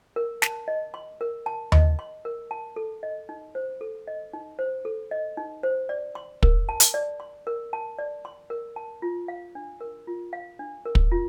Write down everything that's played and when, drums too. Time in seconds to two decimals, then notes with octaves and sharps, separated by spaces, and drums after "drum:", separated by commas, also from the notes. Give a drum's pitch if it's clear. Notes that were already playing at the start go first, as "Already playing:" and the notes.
0.16 A#4
0.42 A5, drum: snare
0.68 D#5
0.94 C6
1.21 A#4
1.46 A5
1.72 D#5, drum: tom D#2
1.99 C6
2.25 A#4
2.51 A5
2.76 A4
3.03 D#5
3.29 D#4
3.55 C5
3.81 A4
4.08 D#5
4.33 D#4
4.59 C5
4.85 A4
5.11 D#5
5.37 D#4
5.63 C5
5.89 D5
6.15 C6
6.43 A#4, drum: kick
6.69 A5
6.80 drum: hi-hat
6.94 D5
7.20 C6
7.47 A#4
7.73 A5
7.99 D5
8.25 C6
8.50 A#4
8.76 A5
9.02 F4
9.28 F5
9.55 D4
9.81 A#4
10.07 F4
10.33 F5
10.59 D4
10.85 A#4
10.95 drum: kick
11.12 F4